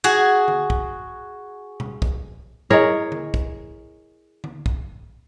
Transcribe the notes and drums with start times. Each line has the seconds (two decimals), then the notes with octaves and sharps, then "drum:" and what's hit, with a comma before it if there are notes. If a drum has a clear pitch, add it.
0.04 F#4 G#4
0.48 drum: tom D3
0.70 drum: kick
1.80 drum: tom B2
2.02 drum: kick
2.70 E4 G#4 A#4 C#5 D#5
3.12 drum: tom D3
3.34 drum: kick
4.44 drum: tom D3
4.66 drum: kick